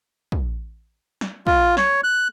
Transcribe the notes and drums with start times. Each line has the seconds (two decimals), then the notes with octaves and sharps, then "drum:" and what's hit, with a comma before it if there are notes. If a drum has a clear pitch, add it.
0.32 drum: kick
1.21 drum: snare
1.47 F4, drum: kick
1.77 C#5, drum: snare
2.04 F#6